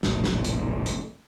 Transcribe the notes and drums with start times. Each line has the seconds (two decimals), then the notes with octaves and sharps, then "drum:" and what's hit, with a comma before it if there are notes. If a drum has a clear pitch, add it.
0.03 F1 A#1 A2, drum: snare
0.24 drum: snare
0.45 drum: hi-hat
0.86 drum: hi-hat